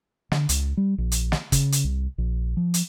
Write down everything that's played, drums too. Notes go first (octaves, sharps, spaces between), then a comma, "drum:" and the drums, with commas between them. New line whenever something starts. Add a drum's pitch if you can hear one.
D3, drum: snare
C#2, drum: hi-hat
G3
A#1
drum: hi-hat
drum: snare
C#3, drum: kick, hi-hat
drum: hi-hat
C2
A#1
F3
drum: hi-hat